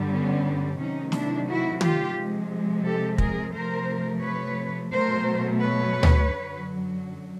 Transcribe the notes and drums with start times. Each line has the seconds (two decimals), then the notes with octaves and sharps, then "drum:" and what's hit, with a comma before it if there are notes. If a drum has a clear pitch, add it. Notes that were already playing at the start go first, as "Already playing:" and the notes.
Already playing: G2 D3 G3
0.09 B3 C#4
0.77 C3 D#3 F#3 A3 C#4 D#4
1.12 D4 E4, drum: snare
1.47 E4 F#4
1.81 F4 G4, drum: tom
2.15 C3 F3 G#3
2.84 G4 A4
3.18 G#4 A#4, drum: kick
3.53 C3 F3 A3 A#4 C5
4.22 B4 C#5
4.91 B2 F#3 A3 A#4 C5
5.60 B4 C#5
6.03 drum: tom D2
6.29 F#2 D3 F#3